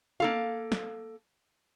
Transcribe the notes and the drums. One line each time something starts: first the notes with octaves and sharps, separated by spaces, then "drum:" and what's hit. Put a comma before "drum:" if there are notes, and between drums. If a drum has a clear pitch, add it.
A#3 A4 F5, drum: tom
drum: snare